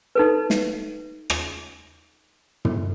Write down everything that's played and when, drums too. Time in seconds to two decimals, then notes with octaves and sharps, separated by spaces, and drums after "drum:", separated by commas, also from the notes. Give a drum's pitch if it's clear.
0.15 D#4 A4 B4
0.50 drum: snare
1.30 drum: rim click
2.65 drum: tom